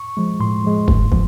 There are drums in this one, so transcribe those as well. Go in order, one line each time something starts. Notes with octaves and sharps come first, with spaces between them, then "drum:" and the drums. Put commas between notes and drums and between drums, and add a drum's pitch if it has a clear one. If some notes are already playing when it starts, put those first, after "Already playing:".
Already playing: C#6
F3 G#3
A2 C6
F3 G#3
G#2, drum: kick
F3, drum: kick